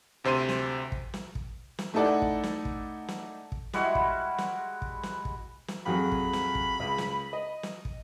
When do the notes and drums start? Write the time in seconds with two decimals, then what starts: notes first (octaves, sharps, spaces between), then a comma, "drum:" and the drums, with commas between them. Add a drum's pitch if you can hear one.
0.24 D2 C3 C5 C6 D#7
0.49 drum: snare
0.92 drum: kick
1.14 drum: snare
1.35 drum: kick
1.79 drum: snare
1.94 A3 D#4 E4 A4 D5 F#5
2.22 drum: kick
2.43 drum: snare
2.65 drum: kick
3.08 drum: snare
3.52 drum: kick
3.73 G3 G#3 E4 F#4, drum: snare
3.95 drum: kick
4.38 drum: snare
4.82 drum: kick
5.03 drum: snare
5.25 drum: kick
5.68 drum: snare
5.86 F2 F#3 G#4 B5
6.12 drum: kick
6.33 drum: snare
6.55 drum: kick
6.80 C#2
6.98 drum: snare
7.33 D#5
7.63 drum: snare
7.85 drum: kick